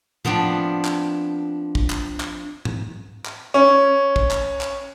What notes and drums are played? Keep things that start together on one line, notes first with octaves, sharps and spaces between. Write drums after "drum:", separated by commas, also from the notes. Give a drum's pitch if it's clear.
F3 B3 C4 D4, drum: tom A2
drum: clap
drum: kick
drum: clap
drum: clap
drum: tom G#2
drum: clap
C#4
drum: kick
drum: clap
drum: clap